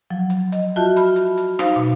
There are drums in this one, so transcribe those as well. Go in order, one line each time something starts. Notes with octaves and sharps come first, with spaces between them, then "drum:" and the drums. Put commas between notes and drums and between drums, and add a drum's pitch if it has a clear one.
F3 F#3
drum: hi-hat
D#5, drum: hi-hat
F4 F#4 E5 A5 G6
B5 F6, drum: hi-hat
drum: hi-hat
drum: hi-hat
D#4 C5 F5, drum: rim click
B2